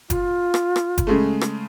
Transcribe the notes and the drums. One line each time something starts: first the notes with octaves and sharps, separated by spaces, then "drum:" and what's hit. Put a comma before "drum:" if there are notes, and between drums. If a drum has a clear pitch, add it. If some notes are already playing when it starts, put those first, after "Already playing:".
F4, drum: kick F#1, hi-hat
drum: rim click
drum: rim click
drum: kick F#1, hi-hat
C#3 G#3 A3
drum: rim click